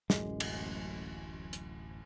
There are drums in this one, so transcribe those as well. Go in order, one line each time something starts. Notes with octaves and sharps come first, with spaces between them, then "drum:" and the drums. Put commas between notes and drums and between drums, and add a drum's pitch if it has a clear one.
D1 A1 F#2 G#3, drum: snare
drum: cymbal
drum: hi-hat